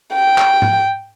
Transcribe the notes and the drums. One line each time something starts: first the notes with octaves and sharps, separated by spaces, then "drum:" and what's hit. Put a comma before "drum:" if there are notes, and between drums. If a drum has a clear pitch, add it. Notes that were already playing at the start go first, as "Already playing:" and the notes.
G5
drum: clap
drum: tom G#2